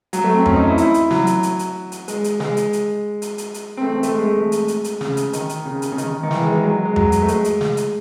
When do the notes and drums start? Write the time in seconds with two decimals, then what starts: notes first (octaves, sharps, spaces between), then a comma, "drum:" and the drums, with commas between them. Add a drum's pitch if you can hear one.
0.13 F#3, drum: hi-hat
0.24 A3
0.35 C4
0.46 C#4, drum: tom F2
0.56 D#4
0.67 E4
0.78 E4, drum: hi-hat
0.94 drum: hi-hat
1.11 F#3, drum: snare
1.27 drum: hi-hat
1.43 drum: hi-hat
1.59 drum: hi-hat
1.92 drum: hi-hat
2.08 G#3, drum: hi-hat
2.24 drum: hi-hat
2.40 G#3, drum: snare
2.57 drum: hi-hat
2.73 drum: hi-hat
3.22 drum: hi-hat
3.38 drum: hi-hat
3.54 drum: hi-hat
3.77 C4
3.81 A3
3.92 C4
4.03 A3, drum: hi-hat
4.14 G#3
4.25 A3
4.36 G#3
4.52 drum: hi-hat
4.68 drum: hi-hat
4.84 drum: hi-hat
5.01 C#3, drum: snare
5.17 drum: hi-hat
5.33 D#3, drum: hi-hat
5.49 drum: hi-hat
5.65 C#3
5.82 drum: hi-hat
5.92 C#3
5.98 D#3, drum: hi-hat
6.23 D#3
6.31 E3, drum: snare
6.42 G#3
6.52 G#3
6.63 F#3
6.85 G#3
6.96 F#3, drum: tom F2
7.12 drum: hi-hat
7.22 A3
7.28 G#3, drum: hi-hat
7.44 drum: hi-hat
7.61 drum: snare
7.77 drum: hi-hat